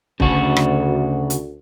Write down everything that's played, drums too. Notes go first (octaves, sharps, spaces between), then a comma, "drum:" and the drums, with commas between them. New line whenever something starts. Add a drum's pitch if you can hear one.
D2 C#3 D4 F#4, drum: kick
drum: rim click
drum: hi-hat